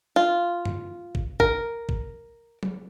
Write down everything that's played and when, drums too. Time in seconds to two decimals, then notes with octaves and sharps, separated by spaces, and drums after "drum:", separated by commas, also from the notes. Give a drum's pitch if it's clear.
0.16 F4
0.65 drum: tom F#2
1.15 drum: kick
1.40 A#4, drum: kick
1.89 drum: kick
2.63 drum: tom F#3